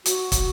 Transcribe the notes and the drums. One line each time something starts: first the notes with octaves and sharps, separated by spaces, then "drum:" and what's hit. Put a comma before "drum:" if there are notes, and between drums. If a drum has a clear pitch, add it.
F#4, drum: hi-hat
drum: kick, hi-hat